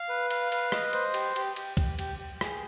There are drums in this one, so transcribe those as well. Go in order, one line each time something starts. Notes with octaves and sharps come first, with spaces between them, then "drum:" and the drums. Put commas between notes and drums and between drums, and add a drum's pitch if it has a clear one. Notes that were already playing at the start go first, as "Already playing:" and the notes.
Already playing: F5
B4
F5, drum: cymbal
B4, drum: cymbal
D#5, drum: rim click
C5, drum: cymbal
G4, drum: cymbal
G4, drum: cymbal
G4, drum: cymbal
G4, drum: kick C2, cymbal
G4, drum: cymbal
G4
G#4, drum: rim click